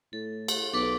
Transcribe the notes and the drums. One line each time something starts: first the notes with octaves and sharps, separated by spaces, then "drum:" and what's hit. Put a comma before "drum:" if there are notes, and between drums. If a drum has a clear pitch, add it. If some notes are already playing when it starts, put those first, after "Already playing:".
A2 A4
drum: cymbal
B1 A4 B4 D6